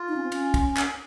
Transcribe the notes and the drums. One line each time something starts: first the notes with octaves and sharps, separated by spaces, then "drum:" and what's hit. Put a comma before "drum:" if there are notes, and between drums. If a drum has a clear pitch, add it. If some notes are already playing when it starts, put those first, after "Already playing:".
Already playing: F4
D#4
C#4
C4
C#4, drum: cymbal
drum: kick, cymbal
drum: clap